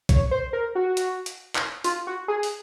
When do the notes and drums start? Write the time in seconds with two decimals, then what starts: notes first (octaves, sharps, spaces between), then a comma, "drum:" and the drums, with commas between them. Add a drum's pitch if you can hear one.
0.09 C#5, drum: kick, hi-hat
0.31 C5
0.53 A#4
0.75 F#4
0.97 drum: hi-hat
1.26 drum: hi-hat
1.55 drum: clap
1.84 F4, drum: open hi-hat
2.07 F#4
2.28 G#4
2.43 drum: open hi-hat